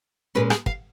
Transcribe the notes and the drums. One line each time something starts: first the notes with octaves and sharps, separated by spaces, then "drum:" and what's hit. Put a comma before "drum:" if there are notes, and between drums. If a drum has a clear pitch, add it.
A#2 G#3 C#4 B4
G#4, drum: rim click
F5, drum: kick